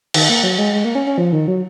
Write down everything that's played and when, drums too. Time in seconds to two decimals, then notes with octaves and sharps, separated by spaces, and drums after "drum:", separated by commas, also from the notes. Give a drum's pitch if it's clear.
0.14 D#3, drum: cymbal
0.29 A#3
0.44 F#3
0.58 G#3
0.73 G#3
0.85 A#3
0.95 C#4
1.07 C#4
1.18 F3
1.32 D#3
1.48 F#3